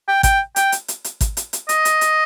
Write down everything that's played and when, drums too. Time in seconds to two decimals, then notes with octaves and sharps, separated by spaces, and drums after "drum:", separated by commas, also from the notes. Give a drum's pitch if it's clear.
0.08 G5
0.23 G5, drum: kick, hi-hat
0.56 G5, drum: hi-hat
0.72 drum: hi-hat
0.88 drum: hi-hat
1.04 drum: hi-hat
1.21 drum: kick, hi-hat
1.37 drum: hi-hat
1.53 drum: hi-hat
1.69 D#5, drum: hi-hat
1.85 drum: hi-hat
2.01 drum: hi-hat